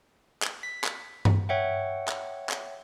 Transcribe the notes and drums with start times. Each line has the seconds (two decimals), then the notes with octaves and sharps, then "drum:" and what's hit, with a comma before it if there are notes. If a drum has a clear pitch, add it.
0.43 drum: clap
0.63 B6
0.84 drum: clap
1.25 drum: tom G2
1.49 C#5 E5 F#5 G5
2.08 drum: clap
2.49 drum: clap